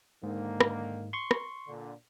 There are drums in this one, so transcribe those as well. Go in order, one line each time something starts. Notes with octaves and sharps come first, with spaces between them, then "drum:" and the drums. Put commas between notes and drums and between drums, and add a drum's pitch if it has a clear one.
G#2 D3 D#3 A#3
drum: rim click
C6 C#6
drum: rim click
A#2 D3